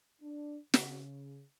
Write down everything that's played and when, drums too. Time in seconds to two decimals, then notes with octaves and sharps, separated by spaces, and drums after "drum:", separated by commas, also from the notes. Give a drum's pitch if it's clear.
0.22 D4
0.74 C#3, drum: snare